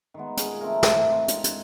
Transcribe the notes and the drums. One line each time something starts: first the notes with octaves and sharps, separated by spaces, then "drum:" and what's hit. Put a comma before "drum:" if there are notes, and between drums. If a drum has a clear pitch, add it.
D#3 G#3 B3
A#2 G#4, drum: hi-hat
F3 A3 C4 A#4
E3, drum: snare
G#3 C4
G#2, drum: hi-hat
drum: hi-hat